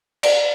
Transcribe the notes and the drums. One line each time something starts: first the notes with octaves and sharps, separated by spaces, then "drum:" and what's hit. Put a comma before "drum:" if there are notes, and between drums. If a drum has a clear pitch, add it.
D5, drum: cymbal